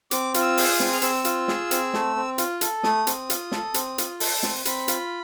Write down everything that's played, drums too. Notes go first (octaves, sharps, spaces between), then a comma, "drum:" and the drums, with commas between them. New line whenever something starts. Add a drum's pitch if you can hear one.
C4 D6, drum: hi-hat
F4, drum: hi-hat
E6
G#4, drum: open hi-hat
E6
D#6
C4, drum: snare
F6
C4 E6, drum: hi-hat
F4, drum: hi-hat
G#4, drum: snare
C4, drum: hi-hat
A3, drum: snare
C4
F4, drum: hi-hat
A4, drum: hi-hat
A3 D#6, drum: snare
C4, drum: hi-hat
F4, drum: hi-hat
A4, drum: snare
C4, drum: hi-hat
F4, drum: hi-hat
A4, drum: open hi-hat
C4, drum: snare
C4 B5, drum: hi-hat
F4, drum: hi-hat